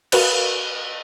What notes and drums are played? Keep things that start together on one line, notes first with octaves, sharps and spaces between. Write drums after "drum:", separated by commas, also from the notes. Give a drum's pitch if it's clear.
F#4 A#4 B4 F5 F#6, drum: cymbal